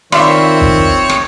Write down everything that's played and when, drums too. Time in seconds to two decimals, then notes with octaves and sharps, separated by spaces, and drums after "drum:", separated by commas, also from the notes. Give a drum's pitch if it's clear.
0.12 D#3 C4 F4 C#5 D5 E5 B5 C6, drum: rim click
0.61 drum: kick
1.10 drum: rim click